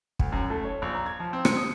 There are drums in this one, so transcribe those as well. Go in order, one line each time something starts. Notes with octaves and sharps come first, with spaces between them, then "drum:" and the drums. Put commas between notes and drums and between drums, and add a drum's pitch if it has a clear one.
D2, drum: kick
F#2
A3
C#5
A#1
A#5
G#6
F3
C4
C#7, drum: rim click
D#6